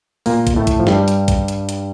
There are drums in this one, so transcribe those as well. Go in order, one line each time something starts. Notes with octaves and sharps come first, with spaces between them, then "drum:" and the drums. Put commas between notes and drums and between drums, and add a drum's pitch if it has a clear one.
A#2 A#3, drum: open hi-hat
drum: kick, hi-hat
A2 A3
drum: kick, hi-hat
F3
G2 G3, drum: snare
drum: hi-hat
drum: kick, hi-hat
drum: hi-hat
drum: hi-hat